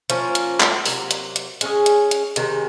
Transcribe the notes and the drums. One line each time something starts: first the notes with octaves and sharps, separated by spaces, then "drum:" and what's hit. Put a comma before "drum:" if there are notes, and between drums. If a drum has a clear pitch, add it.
F3 A#3 C#4, drum: hi-hat
drum: hi-hat
drum: clap
C3 F#3 A#3, drum: open hi-hat
drum: hi-hat
drum: hi-hat
G#3 C#4 G#4, drum: hi-hat
drum: hi-hat
drum: hi-hat
C3 D#3 G#3, drum: hi-hat